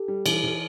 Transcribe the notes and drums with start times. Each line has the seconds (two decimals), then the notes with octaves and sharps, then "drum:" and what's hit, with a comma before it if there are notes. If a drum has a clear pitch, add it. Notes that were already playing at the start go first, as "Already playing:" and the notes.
Already playing: G4 A4
0.08 G3
0.26 E3, drum: cymbal
0.44 E3